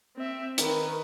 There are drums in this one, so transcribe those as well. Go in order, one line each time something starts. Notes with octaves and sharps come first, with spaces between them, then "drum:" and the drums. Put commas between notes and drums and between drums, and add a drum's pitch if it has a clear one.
C4 E5
D#3 B4, drum: hi-hat